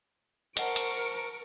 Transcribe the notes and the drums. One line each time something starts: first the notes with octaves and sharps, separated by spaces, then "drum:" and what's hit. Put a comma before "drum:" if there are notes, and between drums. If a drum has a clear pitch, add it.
A#4 C5 D#5 F#5 A5 A#5 C#6 D7, drum: hi-hat
drum: hi-hat